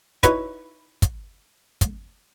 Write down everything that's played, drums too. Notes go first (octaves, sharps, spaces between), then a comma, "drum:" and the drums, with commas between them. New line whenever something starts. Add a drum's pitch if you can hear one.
D#4 E4 F#4 B4 C#5, drum: kick, hi-hat
drum: kick, hi-hat
drum: kick, hi-hat